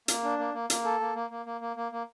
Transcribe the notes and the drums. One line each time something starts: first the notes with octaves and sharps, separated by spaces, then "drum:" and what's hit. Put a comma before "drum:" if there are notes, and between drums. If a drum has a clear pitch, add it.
A#3, drum: hi-hat
D4
A#3
A#3
A#3, drum: hi-hat
A4
A#3
A#3
A#3
A#3
A#3
A#3
A#3